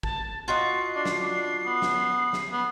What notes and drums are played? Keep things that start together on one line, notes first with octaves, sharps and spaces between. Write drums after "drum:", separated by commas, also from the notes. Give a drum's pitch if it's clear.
A5, drum: kick
F4 F#4 D#5 C7
D4
drum: snare
D4
B3
drum: snare
drum: snare
B3